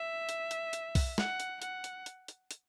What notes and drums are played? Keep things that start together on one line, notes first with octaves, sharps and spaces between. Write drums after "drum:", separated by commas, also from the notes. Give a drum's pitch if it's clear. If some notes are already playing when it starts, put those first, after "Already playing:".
Already playing: E5
drum: hi-hat
drum: hi-hat
drum: hi-hat
drum: kick B1, open hi-hat
F#5, drum: snare
drum: hi-hat
F#5, drum: hi-hat
drum: hi-hat
drum: hi-hat
drum: hi-hat
drum: hi-hat